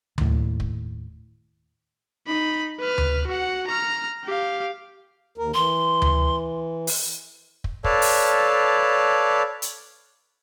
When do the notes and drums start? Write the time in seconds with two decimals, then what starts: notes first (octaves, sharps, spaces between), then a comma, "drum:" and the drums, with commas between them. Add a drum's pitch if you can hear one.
0.18 D#2 A2, drum: tom D2
0.60 drum: kick
2.27 D#4 B5
2.80 B4 F6
2.98 drum: tom D2
3.27 F#4 F#5
3.67 A#5 F6
4.24 G4 F5
5.38 D#2 A#4
5.54 E3 C6
6.02 drum: tom D2
6.87 drum: open hi-hat
7.64 drum: kick
7.84 A4 B4 C#5 D5 F5 A5, drum: kick
8.02 drum: open hi-hat
9.62 drum: hi-hat